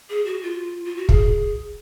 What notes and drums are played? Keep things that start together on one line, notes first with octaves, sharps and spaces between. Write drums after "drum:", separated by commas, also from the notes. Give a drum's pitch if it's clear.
G#4
F#4
F4
F4
F#4
G#4, drum: kick